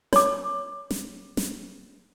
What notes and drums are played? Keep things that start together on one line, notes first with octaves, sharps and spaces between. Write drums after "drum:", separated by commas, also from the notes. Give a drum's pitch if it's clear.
C#5 D6, drum: snare
drum: snare
drum: snare